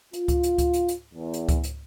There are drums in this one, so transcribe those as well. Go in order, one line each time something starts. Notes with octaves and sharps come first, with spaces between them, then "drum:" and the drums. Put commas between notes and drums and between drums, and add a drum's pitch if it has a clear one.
F4, drum: hi-hat
drum: kick C#2, hi-hat
drum: hi-hat
drum: kick C#2, hi-hat
drum: hi-hat
drum: hi-hat
E2
drum: hi-hat
drum: kick C#2, hi-hat
drum: hi-hat